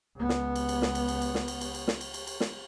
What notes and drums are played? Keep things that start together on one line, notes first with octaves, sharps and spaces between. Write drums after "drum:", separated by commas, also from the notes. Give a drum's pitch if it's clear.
C#2 B3
drum: snare
drum: cymbal
drum: cymbal
drum: snare
drum: cymbal
drum: cymbal
drum: cymbal
drum: snare
drum: cymbal
drum: cymbal
drum: cymbal
drum: snare
drum: cymbal
drum: cymbal
drum: cymbal
drum: snare